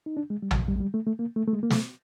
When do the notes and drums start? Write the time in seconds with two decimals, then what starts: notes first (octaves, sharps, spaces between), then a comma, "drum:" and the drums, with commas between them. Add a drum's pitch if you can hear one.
0.06 D#4
0.17 D4
0.30 G#3
0.43 G3
0.51 F3, drum: tom
0.56 F#3
0.68 G3
0.76 G#3
0.81 G3
0.94 A3
1.07 A3
1.19 A#3
1.36 A3
1.47 A3
1.53 G#3
1.63 A#3
1.70 A3, drum: snare